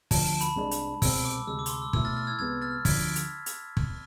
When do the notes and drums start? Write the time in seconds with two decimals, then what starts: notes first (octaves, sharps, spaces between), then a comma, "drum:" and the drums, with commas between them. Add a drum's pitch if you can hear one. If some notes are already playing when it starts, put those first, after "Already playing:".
0.11 D2 D3 F3 A5, drum: kick, open hi-hat
0.26 A5
0.41 B5, drum: hi-hat
0.56 C2 C3 G#3 D4
0.71 drum: hi-hat
1.02 C2 B2 G#3 C4 E6, drum: kick, open hi-hat
1.25 D6
1.47 D2 C3 G#3 E6
1.59 D6
1.66 C6, drum: hi-hat
1.71 D6
1.82 E6
1.93 B2 A3 E4 E6, drum: kick
2.05 F6 A6
2.17 F6 A6
2.27 E6 G#6
2.39 C2 C3 G#3 B3 E6 G#6
2.62 F6 A6
2.85 D2 D3 F3 G#6 B6, drum: kick, open hi-hat
3.16 drum: hi-hat
3.46 drum: hi-hat
3.77 drum: kick